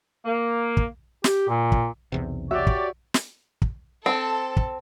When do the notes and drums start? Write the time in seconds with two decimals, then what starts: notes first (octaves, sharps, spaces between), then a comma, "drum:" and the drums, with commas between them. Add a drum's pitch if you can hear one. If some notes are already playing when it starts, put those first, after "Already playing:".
0.24 A#3
0.77 drum: kick
1.24 G4, drum: snare
1.48 A#2
1.72 drum: kick
2.12 B1 E2 C3
2.51 F#4 G4 C#5 D5 E5
2.67 drum: kick
3.14 drum: snare
3.62 drum: kick
4.06 C4 A4
4.57 drum: kick